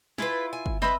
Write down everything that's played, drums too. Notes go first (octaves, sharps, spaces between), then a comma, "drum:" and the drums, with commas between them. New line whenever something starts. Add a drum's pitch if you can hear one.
E4 F4 G#4 B4 G6, drum: snare
G#5
drum: kick
C4 B4 D#5 E5 B5, drum: snare